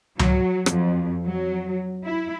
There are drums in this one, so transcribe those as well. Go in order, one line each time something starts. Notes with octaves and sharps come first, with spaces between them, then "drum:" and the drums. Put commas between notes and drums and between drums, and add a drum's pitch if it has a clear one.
F#3, drum: tom C#2
F2, drum: rim click
F#3
E4